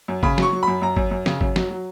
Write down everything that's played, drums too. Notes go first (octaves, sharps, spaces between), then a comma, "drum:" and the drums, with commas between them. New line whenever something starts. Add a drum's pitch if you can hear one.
F#2
C#3 B5, drum: kick G#1
F#3 C#6, drum: snare
F#3
F#2 B5
F#2 A#5
F#2, drum: kick G#1
F#2
C#3, drum: snare
F#2, drum: kick G#1
F#3, drum: snare
F#3